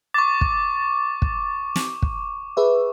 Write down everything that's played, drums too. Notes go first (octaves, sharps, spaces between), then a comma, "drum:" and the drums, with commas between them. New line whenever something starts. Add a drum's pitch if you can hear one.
C#6 D6 A6
drum: kick
drum: kick
drum: snare
drum: kick
G#4 B4 E5